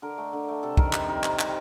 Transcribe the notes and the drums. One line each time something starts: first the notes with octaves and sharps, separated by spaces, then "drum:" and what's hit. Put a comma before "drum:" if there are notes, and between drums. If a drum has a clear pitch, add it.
D3 A#4
A3
D3
A3
C3 A4
D#3 G3 A#4, drum: kick
C3 C5, drum: clap
D#3 G3 A#4
C3 C5, drum: clap
D#3 G3 A#4, drum: clap